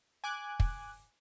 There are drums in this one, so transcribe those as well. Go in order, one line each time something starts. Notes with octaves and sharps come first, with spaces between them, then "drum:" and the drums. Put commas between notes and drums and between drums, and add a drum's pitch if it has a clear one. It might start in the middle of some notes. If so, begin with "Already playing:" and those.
G#5 D6 F#6
drum: kick